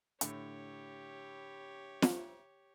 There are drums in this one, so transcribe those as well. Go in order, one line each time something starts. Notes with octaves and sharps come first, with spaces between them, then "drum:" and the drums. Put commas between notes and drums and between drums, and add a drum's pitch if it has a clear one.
A2 D3 G4 C#5, drum: hi-hat
drum: snare